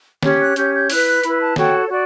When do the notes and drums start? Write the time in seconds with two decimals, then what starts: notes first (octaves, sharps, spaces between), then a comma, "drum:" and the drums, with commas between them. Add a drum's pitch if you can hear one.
0.23 C#4 G4 C#5, drum: snare
0.40 F#6
0.56 C#4 G4 C#5 G6, drum: hi-hat
0.74 G6
0.90 E4 B4 F#6, drum: open hi-hat
1.07 F#6
1.24 E4 B4 B5, drum: hi-hat
1.35 B5
1.40 A5
1.56 F#4 A4 C#5 G5, drum: snare
1.85 C#5
1.90 F#4 D5